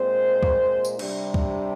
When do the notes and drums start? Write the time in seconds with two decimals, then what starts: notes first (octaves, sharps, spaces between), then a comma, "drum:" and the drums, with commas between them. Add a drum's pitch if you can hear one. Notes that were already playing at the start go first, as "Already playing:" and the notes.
Already playing: A#2 G#3 C4 C5
0.43 drum: kick C#2
0.85 drum: tambourine
0.99 C3 G3 D4, drum: cymbal
1.34 drum: kick C#2